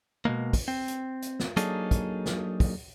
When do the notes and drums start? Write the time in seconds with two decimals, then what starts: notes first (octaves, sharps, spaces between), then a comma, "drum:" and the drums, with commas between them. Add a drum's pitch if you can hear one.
0.25 B2 F3 G#3 A#3
0.53 drum: kick, open hi-hat
0.68 C4
0.88 drum: hi-hat
1.22 drum: hi-hat
1.40 drum: snare
1.57 F#3 A#3 D4 D#4 G#4 A4, drum: hi-hat
1.91 drum: kick, hi-hat
2.26 drum: snare
2.60 drum: kick, open hi-hat